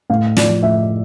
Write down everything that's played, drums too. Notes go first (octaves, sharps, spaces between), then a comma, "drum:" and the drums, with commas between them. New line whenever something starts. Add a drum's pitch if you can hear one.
A2 F5
F3 D5, drum: snare
A2 E5